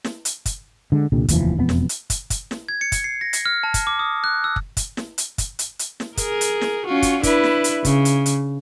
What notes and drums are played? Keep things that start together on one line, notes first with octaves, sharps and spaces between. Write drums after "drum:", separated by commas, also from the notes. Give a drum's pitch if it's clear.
drum: snare
drum: hi-hat
drum: kick, hi-hat
D3 G#3
C2 A#2 D3 G3
F1 D#2 E3 F3, drum: kick, hi-hat
E1 F2 F#3 B3
drum: snare
drum: hi-hat
drum: kick, hi-hat
drum: kick, hi-hat
drum: snare
G#6
C#7
drum: kick, hi-hat
C7
A#6
drum: hi-hat
F6
A5
drum: kick, hi-hat
D6
D#6
F#6
E6
drum: kick
drum: kick, hi-hat
drum: snare
drum: hi-hat
drum: kick, hi-hat
drum: hi-hat
drum: hi-hat
drum: snare
G#4 A#4, drum: kick, hi-hat
drum: hi-hat
drum: snare
C#4 F4 F#4
drum: kick, hi-hat
D4 E4 B4, drum: kick, hi-hat
drum: snare
drum: hi-hat
C#3, drum: kick, hi-hat
drum: hi-hat
drum: hi-hat